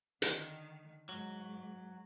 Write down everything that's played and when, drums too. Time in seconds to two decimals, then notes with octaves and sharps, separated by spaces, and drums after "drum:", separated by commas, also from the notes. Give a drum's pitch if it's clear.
0.22 D3 D#3, drum: hi-hat
1.09 G#2 F#3